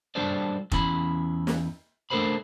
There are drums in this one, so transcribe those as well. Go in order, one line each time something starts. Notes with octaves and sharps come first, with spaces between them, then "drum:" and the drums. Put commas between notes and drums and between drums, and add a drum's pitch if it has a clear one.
G3 D4 F#4 A4 C5 D5
E2 C#4 E4 B5, drum: kick F1
drum: snare
A3 D4 A4 A#4 C5 B5